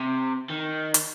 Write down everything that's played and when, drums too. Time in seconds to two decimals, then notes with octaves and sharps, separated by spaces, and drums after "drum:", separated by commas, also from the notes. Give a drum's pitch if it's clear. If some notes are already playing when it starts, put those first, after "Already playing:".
Already playing: C3
0.49 D#3
0.94 drum: hi-hat